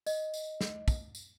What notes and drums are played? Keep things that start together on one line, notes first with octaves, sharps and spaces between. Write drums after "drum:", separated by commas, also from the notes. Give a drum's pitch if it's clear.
D#5, drum: tambourine
drum: tambourine
drum: snare
drum: kick, tambourine
drum: tambourine